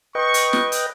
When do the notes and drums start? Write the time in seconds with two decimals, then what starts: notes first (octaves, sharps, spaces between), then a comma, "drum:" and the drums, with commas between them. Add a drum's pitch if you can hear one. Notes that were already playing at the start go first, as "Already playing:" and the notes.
0.15 B4 D#5 G5 C#6
0.34 drum: hi-hat
0.53 drum: snare
0.72 drum: hi-hat